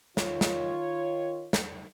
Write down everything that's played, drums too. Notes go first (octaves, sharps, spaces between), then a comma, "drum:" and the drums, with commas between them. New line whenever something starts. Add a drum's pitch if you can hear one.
D#3 F4 C#5, drum: snare
drum: snare
drum: snare